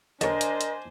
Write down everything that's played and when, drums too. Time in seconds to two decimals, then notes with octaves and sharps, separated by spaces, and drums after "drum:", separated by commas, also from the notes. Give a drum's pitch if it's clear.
0.21 D3 D4 A#4 C5 C#5 D#5 G#5, drum: hi-hat
0.41 drum: hi-hat
0.61 drum: hi-hat